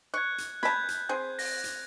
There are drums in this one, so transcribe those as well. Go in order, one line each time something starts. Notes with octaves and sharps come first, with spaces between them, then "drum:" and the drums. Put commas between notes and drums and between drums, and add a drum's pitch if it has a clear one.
C#6 F#6 G#6
drum: hi-hat
A5 B5 G6 G#6, drum: snare
drum: hi-hat
C4 G#4
A#6, drum: open hi-hat
drum: hi-hat